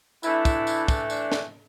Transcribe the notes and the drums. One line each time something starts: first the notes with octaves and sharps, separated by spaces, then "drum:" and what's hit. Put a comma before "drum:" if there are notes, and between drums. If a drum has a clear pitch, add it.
E3 A3 D4 E4, drum: tambourine
drum: kick, tambourine
drum: tambourine
drum: kick, tambourine
D4, drum: tambourine
drum: snare